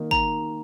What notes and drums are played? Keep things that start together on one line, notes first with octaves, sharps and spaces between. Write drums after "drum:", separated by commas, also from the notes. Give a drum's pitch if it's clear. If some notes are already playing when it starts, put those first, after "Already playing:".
Already playing: D#3 A#3 D#4 A#4
A#5, drum: kick G#1